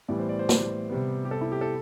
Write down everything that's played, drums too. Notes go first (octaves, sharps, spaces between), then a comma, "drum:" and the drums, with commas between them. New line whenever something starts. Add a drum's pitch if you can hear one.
A2 E3 G3 B3 D5
C5
D5
C5
drum: snare
C3 G3 B3
G4
A4
E4
G4
A4